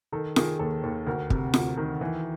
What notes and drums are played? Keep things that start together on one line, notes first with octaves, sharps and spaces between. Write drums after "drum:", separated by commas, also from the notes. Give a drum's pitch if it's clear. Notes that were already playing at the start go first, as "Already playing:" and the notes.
D#3 A4
D#3 G#4, drum: snare F4
D#2 A4
D#2
D2 A#4
C3, drum: kick
D2, drum: snare F4
D#3
E3